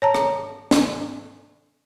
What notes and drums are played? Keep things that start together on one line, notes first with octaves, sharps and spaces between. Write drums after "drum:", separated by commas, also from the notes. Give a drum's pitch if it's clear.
C#5 A5 A#5
drum: rim click
drum: snare